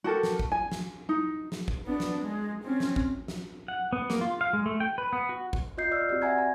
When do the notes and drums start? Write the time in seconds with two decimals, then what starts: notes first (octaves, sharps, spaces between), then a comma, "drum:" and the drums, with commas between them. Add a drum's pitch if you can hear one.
0.04 F#4 G4 A4 A#4
0.23 drum: snare
0.39 drum: kick G#1
0.52 G#5
0.72 drum: snare
1.09 D#4
1.52 drum: snare
1.68 drum: kick G#1
1.87 B3 D4
2.00 drum: snare
2.23 G#3
2.64 C4 C#4
2.80 drum: snare
2.96 drum: kick G#1
3.28 drum: snare
3.68 F#5
3.93 B3
4.10 A#3, drum: snare
4.21 F4
4.41 F5
4.53 G#3
4.66 A3
4.80 G5
4.98 B4
5.13 B3
5.29 F#4
5.53 drum: kick G#1
5.78 F4 D#5 G6 C7
5.91 D5 E6 F6
6.09 C4 F#4 G4 D5
6.22 E5 F#5 G#5 A#5 G#6
6.38 A#5